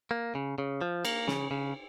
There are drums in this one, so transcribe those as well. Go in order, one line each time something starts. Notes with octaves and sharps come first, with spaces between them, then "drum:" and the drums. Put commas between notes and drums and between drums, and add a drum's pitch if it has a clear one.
A#3
C#3
C#3
F3
A#3, drum: cymbal
C#3, drum: snare
C#3